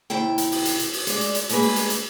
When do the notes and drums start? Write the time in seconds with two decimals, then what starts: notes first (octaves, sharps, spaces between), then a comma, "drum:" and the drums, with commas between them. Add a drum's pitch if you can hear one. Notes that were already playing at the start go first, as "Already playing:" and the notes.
0.10 D#2 C3 E4 G5
0.38 drum: hi-hat
0.52 drum: open hi-hat
0.65 drum: hi-hat
0.79 drum: hi-hat
0.93 drum: open hi-hat
1.07 G#3 D5, drum: hi-hat
1.21 drum: hi-hat
1.35 drum: hi-hat
1.49 D2 G#3 A#3 G#4 B4, drum: hi-hat
1.62 drum: open hi-hat
1.76 drum: hi-hat
1.90 drum: hi-hat